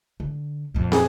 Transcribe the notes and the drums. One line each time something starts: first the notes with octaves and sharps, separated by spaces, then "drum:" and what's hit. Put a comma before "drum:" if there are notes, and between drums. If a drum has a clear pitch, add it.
D3
F2 A#2
G#4, drum: snare